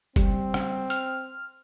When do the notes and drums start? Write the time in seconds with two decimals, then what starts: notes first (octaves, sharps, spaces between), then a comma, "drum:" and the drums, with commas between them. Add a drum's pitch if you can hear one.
0.16 G3 C4, drum: kick F#1, hi-hat
0.54 drum: rim click
0.90 F6, drum: hi-hat